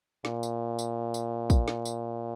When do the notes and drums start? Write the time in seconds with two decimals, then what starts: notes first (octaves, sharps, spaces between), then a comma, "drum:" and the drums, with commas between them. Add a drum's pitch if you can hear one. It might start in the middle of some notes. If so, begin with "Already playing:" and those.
0.25 A#2, drum: snare
0.43 drum: tambourine
0.79 drum: tambourine
1.14 drum: tambourine
1.50 drum: kick, tambourine
1.68 drum: snare
1.85 drum: tambourine